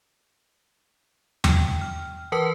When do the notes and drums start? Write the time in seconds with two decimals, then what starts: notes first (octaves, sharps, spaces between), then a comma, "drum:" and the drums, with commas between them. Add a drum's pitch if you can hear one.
1.44 G5, drum: tom E2
1.81 F6
2.32 E3 A#4 B4 A5 B6 C#7